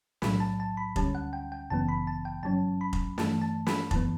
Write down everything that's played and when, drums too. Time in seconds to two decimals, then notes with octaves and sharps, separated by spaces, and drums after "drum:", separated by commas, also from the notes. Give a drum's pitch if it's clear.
0.22 B1 A2 F#3 B5, drum: snare
0.40 A5
0.60 A5
0.77 B5
0.96 D2 D3 G3 C#4 A5, drum: kick F1
1.15 F#5
1.33 G5
1.52 G5
1.70 G1 F#2 C#3 E3 B3 A5
1.89 B5
2.07 A5
2.25 G5
2.43 G2 F#3 C#4 A5
2.81 B5
2.93 drum: kick F1
3.18 G2 E3 A3 A5, drum: snare
3.42 A5
3.67 B5, drum: snare
3.91 F#2 E3 B3 A5, drum: kick F1